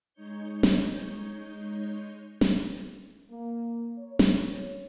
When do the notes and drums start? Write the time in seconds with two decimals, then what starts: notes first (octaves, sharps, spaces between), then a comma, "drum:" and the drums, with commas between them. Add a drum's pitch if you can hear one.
0.13 G#3 D#4 C#5 G6
0.63 drum: snare
2.41 drum: snare
3.30 A#3
3.99 C#5
4.19 drum: snare